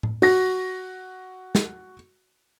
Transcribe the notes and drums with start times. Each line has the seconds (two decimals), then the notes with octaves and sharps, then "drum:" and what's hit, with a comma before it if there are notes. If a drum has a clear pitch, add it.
0.03 drum: tom A2
0.22 F#4 A#6, drum: open hi-hat
1.55 drum: snare